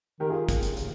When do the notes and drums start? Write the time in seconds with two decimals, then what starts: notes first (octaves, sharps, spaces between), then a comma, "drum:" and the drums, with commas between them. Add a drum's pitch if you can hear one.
0.20 D#3 G4 A#4
0.30 F4 G#4
0.49 drum: kick, hi-hat
0.63 drum: hi-hat
0.77 drum: hi-hat